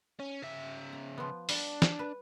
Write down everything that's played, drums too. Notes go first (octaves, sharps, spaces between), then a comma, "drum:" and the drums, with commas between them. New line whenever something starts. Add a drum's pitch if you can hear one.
C#4
C#3 E5
A#5
F3 B3
G3 D4, drum: open hi-hat
drum: snare
B4